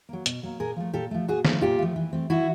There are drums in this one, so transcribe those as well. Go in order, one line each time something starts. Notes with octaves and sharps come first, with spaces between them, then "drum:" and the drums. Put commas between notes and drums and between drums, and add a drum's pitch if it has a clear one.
F#3 A#3
B2, drum: hi-hat
F#3 A#3
A#2 G#4 A#4
F3 A3
A#2 G4 A4
F3 A3
A#2 F#4 G#4
F3 A3, drum: snare D#3
A#2 F4 G4
F3 A3
E3
A3 C4
E3 E4 F#4